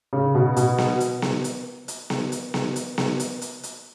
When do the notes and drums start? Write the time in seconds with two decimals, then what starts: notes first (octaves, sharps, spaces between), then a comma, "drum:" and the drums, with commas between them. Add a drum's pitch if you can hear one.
0.13 C#3
0.35 B2
0.56 B2, drum: hi-hat
0.78 drum: snare B3
1.00 drum: hi-hat
1.22 drum: snare B3
1.44 drum: hi-hat
1.88 drum: hi-hat
2.10 drum: snare B3
2.32 drum: hi-hat
2.54 drum: snare B3
2.76 drum: hi-hat
2.98 drum: snare B3
3.20 drum: hi-hat
3.42 drum: hi-hat
3.63 drum: hi-hat